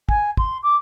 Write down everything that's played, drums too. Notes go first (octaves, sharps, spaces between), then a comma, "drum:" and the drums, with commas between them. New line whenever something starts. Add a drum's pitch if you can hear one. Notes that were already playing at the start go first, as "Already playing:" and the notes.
G#5, drum: kick
C6, drum: kick
D6